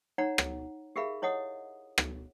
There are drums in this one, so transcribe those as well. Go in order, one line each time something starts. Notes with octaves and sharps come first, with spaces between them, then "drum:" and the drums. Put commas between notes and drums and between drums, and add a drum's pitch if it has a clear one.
D#4 C#5 F#5 A#5
drum: rim click
G4 G#4 A#4 E5 F5 B5
E4 C#5 D#5 F#5 D#6
drum: rim click